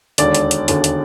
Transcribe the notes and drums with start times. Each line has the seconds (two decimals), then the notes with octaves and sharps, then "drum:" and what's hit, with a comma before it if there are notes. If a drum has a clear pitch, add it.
0.18 E1 D#2 D3 D5, drum: hi-hat
0.35 drum: hi-hat
0.51 drum: hi-hat
0.68 E1 D#2 D3, drum: hi-hat
0.84 drum: hi-hat